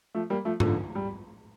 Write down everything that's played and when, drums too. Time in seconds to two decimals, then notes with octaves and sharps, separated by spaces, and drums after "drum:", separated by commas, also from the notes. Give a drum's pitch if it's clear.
0.15 F3 A3
0.30 G3 A#3
0.45 F3 A3
0.60 D3 F3, drum: tom G#2
0.95 G3